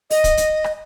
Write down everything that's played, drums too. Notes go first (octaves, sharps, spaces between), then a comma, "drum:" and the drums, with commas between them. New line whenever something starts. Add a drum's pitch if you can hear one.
D#5, drum: open hi-hat
drum: kick, hi-hat
drum: hi-hat
drum: rim click